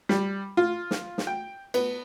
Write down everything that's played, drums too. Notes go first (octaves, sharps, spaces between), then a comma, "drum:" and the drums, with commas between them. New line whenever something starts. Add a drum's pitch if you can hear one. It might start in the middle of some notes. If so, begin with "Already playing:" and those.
G3, drum: snare
F4
drum: snare
drum: snare
G5
B3, drum: cymbal